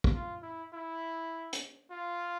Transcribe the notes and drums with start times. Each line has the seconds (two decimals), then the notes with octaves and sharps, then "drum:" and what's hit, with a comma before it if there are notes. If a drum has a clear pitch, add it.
0.04 drum: kick
0.14 F4
0.42 E4
0.72 E4
1.53 drum: hi-hat
1.91 F4